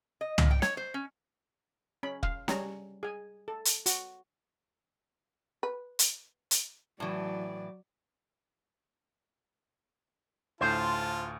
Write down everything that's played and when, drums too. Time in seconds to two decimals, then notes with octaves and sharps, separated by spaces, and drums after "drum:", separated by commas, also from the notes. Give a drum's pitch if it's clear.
0.21 D#5
0.38 A#2, drum: tom
0.51 G5
0.62 C#5, drum: snare
0.77 C5
0.94 C#4
2.03 C#4 B5
2.23 F5, drum: kick
2.48 G3 C#4 A#5, drum: snare
3.03 G#4 G#5
3.48 A4
3.65 drum: hi-hat
3.86 F#4, drum: hi-hat
5.63 B4
5.99 drum: hi-hat
6.51 drum: hi-hat
7.00 A2 E3 F#3 D5
10.61 D2 A2 F4 C5 A5